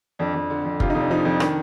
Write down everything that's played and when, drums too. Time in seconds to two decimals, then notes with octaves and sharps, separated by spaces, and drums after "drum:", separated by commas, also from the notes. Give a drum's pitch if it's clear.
0.19 F2 D4
0.34 F2
0.50 D3
0.65 F2
0.80 C3 F4, drum: kick
0.90 F2 D#4
1.00 D4
1.10 F3 D#4
1.25 F2
1.40 D#3 D4, drum: rim click